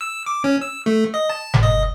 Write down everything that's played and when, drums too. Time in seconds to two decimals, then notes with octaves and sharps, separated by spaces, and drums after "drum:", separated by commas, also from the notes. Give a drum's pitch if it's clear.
0.01 E6
0.26 D6
0.44 C#4
0.61 E6
0.86 A3
1.14 D#5
1.29 A5
1.54 drum: tom G1
1.63 D#5